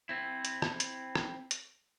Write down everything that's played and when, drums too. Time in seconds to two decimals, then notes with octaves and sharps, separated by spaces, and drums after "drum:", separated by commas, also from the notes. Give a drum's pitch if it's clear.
0.09 C4 E4
0.45 drum: hi-hat
0.62 drum: rim click
0.80 drum: hi-hat
1.15 drum: rim click
1.51 drum: hi-hat